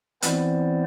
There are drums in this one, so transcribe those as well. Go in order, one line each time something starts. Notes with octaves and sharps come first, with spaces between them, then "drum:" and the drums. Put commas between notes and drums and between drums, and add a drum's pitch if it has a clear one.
E3 B3 C4 E4 C5 D5, drum: hi-hat